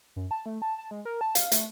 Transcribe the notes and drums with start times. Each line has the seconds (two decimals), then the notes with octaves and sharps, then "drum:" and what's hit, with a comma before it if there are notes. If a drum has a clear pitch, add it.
0.16 F#2
0.31 A5
0.46 A3
0.62 A5
0.78 A5
0.91 G#3
1.05 A#4
1.21 A5
1.35 F5, drum: hi-hat
1.52 A3, drum: hi-hat